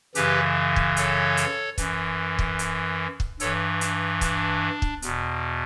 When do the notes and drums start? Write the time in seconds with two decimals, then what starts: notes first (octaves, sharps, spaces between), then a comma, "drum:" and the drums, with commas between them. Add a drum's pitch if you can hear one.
0.15 F#2 C#3 E3 G4 B4, drum: hi-hat
0.76 drum: kick
0.97 A4 C#5, drum: hi-hat
1.37 drum: hi-hat
1.78 F#2 E3, drum: kick, hi-hat
2.39 drum: kick
2.59 drum: hi-hat
3.20 drum: kick
3.40 G2 E3 A4 C#5, drum: hi-hat
3.81 D4, drum: hi-hat
4.21 D4, drum: kick, hi-hat
4.82 drum: kick
5.02 E2 B2, drum: hi-hat